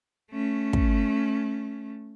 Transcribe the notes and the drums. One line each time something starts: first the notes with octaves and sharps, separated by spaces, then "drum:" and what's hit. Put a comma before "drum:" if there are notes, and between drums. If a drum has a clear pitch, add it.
A3 C#4
drum: kick